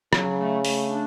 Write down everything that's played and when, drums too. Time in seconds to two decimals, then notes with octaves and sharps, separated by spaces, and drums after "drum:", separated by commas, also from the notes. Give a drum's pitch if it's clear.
0.13 C#3 F#3, drum: rim click
0.38 A3
0.65 A3, drum: open hi-hat
0.90 D4